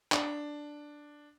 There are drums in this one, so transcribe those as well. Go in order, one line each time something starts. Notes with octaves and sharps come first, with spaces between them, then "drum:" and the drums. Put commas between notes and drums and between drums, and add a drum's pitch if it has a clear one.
D4, drum: clap